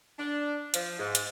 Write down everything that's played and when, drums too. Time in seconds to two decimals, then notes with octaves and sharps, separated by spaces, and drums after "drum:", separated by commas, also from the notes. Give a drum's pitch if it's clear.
0.19 D4
0.74 F3, drum: hi-hat
0.99 G#2
1.15 drum: hi-hat